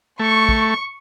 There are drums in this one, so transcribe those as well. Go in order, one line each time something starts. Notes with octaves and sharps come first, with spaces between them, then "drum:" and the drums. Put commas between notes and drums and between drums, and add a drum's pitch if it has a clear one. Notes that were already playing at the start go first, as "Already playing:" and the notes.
A3 C#6
drum: kick